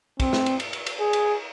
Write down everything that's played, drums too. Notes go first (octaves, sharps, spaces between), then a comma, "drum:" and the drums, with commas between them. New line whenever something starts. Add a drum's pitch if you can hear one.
C4, drum: kick, cymbal
drum: snare
drum: cymbal
drum: cymbal
drum: cymbal
drum: cymbal
G#4
drum: cymbal